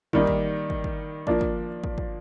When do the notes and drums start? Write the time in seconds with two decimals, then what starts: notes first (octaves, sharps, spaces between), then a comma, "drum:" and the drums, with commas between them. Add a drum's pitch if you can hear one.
0.13 D#3 G3 A#3 D#4, drum: kick
0.27 drum: kick
0.70 drum: kick
0.84 drum: kick
1.27 F3 A#3 D4, drum: kick
1.41 drum: kick
1.84 drum: kick
1.98 drum: kick